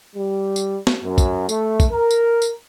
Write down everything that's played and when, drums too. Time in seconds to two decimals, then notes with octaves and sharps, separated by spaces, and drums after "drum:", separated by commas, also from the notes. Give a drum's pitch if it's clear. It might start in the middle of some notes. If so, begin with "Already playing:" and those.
0.15 G3
0.56 drum: tambourine
0.87 drum: snare
1.04 F#2
1.18 drum: kick, tambourine
1.49 A3, drum: tambourine
1.80 drum: kick, tambourine
1.90 A#4
2.11 drum: tambourine
2.42 drum: tambourine